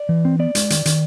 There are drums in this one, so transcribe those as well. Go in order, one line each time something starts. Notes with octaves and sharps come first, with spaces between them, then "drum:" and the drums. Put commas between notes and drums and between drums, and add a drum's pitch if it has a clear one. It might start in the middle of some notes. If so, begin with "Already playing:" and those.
Already playing: D5
E3
C4
B3 D5
G#3, drum: hi-hat
D#3, drum: hi-hat
D#3, drum: hi-hat